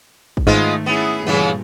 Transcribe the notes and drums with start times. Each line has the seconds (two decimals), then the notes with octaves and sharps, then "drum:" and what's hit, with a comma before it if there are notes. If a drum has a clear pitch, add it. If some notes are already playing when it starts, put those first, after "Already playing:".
0.37 drum: kick
0.47 G#2 D#3 G#3 A3 B3 F4
0.86 B3 C#4 E4 G#4
1.27 G2 A#2 C#3 E3 B3